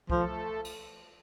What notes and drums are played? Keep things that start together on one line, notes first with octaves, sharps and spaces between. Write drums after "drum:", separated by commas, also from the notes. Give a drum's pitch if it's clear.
F3 A3 A4, drum: kick C2
drum: cymbal